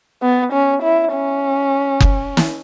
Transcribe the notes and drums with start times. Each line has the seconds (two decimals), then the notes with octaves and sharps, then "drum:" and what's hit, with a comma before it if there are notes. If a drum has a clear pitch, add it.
0.22 B3
0.53 C#4
0.83 E4
1.14 C#4
2.00 drum: kick F#1
2.37 drum: snare